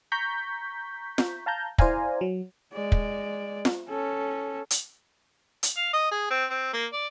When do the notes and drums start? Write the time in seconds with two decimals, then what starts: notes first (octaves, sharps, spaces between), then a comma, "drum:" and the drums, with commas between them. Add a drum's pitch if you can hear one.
0.12 A#5 C#6 G6 B6
1.18 drum: snare F4
1.46 F5 A5 A#5 G6
1.78 E4 C5 D5 F5 G#5 A#5, drum: kick
2.21 F#3
2.73 G#3 D5
2.92 drum: kick
3.65 drum: snare F4
3.88 C#4 A4
4.71 drum: hi-hat
5.63 drum: hi-hat
5.76 F5
5.93 D#5
6.11 G#4
6.30 C4
6.50 C4
6.73 A#3
6.92 D5